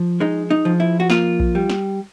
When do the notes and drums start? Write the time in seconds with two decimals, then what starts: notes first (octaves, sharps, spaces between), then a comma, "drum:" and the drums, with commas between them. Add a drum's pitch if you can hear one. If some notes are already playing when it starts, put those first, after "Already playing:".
Already playing: F3
0.20 G#3 D#4
0.50 D#4
0.65 F3
0.80 E4
1.00 F#4
1.10 A#3 F4, drum: snare
1.40 drum: kick A#1
1.55 G3
1.70 drum: snare